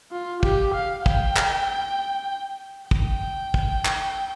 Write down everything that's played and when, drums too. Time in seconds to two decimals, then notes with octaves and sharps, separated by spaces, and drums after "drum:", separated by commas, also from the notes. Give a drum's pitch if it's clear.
0.12 F4
0.43 G4, drum: kick
0.74 F5
1.06 G5, drum: kick
1.36 drum: clap
2.91 G5, drum: kick
3.54 drum: kick
3.85 drum: clap